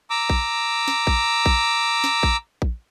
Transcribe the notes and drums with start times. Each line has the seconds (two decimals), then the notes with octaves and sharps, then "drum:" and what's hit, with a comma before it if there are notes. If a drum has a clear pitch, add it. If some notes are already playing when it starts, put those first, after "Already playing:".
0.10 A#5 D6 E6
0.30 drum: kick A#1
0.88 drum: snare
1.07 drum: kick A#1
1.46 drum: kick A#1
2.04 drum: snare
2.23 drum: kick A#1
2.62 drum: kick A#1